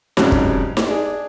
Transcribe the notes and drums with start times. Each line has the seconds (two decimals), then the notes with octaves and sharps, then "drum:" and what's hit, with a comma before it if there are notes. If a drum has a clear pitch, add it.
0.17 F2 G#2 C#3 F#3 G3, drum: snare D#4
0.32 drum: kick
0.77 drum: snare D#4
0.87 D4 G#4